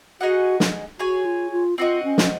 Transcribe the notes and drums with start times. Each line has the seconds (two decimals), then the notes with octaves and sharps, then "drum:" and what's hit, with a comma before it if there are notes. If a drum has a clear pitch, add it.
0.21 D#4 F#4 G#4 D#5 F#5
0.60 drum: snare
0.99 F#4 G#4 C#5 G#5
1.25 F4
1.52 F4
1.78 C4 F4 F#4 C5 D#5
2.04 C#4
2.18 drum: snare